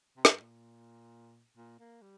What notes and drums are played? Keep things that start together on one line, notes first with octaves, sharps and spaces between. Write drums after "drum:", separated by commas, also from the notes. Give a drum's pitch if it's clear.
C3
A#2, drum: snare
G2
A#2
A#2
A#3
G3